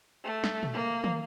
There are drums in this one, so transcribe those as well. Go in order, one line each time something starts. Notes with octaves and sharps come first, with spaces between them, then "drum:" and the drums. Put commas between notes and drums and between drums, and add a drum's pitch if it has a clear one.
A3
drum: snare
drum: tom A#2
A#3
drum: tom